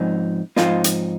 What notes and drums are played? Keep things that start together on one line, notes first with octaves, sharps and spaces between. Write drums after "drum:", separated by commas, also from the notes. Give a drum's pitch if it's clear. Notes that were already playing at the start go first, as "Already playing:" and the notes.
Already playing: G#2 F3 C4 D#4
G#2 F3 C4 D#4 F4, drum: snare
drum: hi-hat